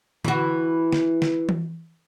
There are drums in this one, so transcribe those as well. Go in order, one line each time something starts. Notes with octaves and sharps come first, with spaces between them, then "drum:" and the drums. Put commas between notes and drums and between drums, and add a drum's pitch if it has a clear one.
E3 F#4, drum: tom D3
drum: snare
drum: snare
drum: tom E3